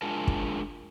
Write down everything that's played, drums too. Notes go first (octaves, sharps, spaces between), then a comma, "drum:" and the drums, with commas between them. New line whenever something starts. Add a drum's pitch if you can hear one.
G#3 D4 F4 G#4 A#4 A5
drum: kick